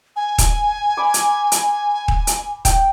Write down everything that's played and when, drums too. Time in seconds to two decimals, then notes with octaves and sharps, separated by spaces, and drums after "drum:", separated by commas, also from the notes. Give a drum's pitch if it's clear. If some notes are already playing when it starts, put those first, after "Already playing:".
0.16 G#5
0.38 drum: kick D#1, hi-hat
0.97 B5 D6
1.14 drum: hi-hat
1.52 drum: hi-hat
2.08 drum: kick D#1
2.27 drum: hi-hat
2.65 G5, drum: kick D#1, hi-hat